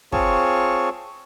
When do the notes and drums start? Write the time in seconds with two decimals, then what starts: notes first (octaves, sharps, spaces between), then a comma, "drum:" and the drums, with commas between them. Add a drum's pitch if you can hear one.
0.12 C4 F4 G#4 C#5 A5 C#6, drum: kick